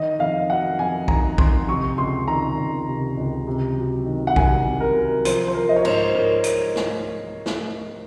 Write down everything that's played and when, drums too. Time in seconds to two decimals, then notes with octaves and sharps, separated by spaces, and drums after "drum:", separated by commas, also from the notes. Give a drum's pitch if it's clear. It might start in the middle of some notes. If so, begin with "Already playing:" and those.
Already playing: D#3 D#5
0.19 F2 F5
0.49 F#3 F#5
0.79 F2 G#5
1.08 D#3 A#5, drum: kick
1.38 F2 C6, drum: kick
1.68 C3 C#6
1.98 C#2 C6
2.27 D#3 A#5
2.57 C#2
2.87 C3
3.17 C#2
3.47 C3
3.77 F#3
4.06 D#3
4.27 F#5
4.36 C2 G#5, drum: kick
4.66 C3
4.80 A#4
4.95 F#3
5.25 F3 C5, drum: hi-hat
5.48 C5
5.55 F3 A#4
5.69 D#5
5.76 C#5
5.85 G#2 C5, drum: cymbal
6.14 G#2 A#4
6.44 drum: hi-hat
6.76 drum: snare
7.46 drum: snare